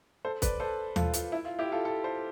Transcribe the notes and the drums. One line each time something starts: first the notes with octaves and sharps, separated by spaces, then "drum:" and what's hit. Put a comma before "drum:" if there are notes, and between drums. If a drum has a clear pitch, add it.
A4 C5
B4 D5, drum: kick, hi-hat
A4 C5
F4 A4, drum: tom D#2
F4, drum: hi-hat
E4
F4
E4 G4
F4 A4
F4 A4
A4 C5